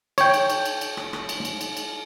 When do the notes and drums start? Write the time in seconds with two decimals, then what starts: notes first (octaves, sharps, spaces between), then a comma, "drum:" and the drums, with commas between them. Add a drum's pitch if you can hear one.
0.18 C#5 G5, drum: cymbal
0.34 drum: cymbal
0.50 drum: cymbal
0.65 drum: cymbal
0.81 drum: cymbal
0.97 drum: rim click
1.13 drum: rim click
1.29 drum: cymbal
1.45 drum: cymbal
1.61 drum: cymbal
1.77 drum: cymbal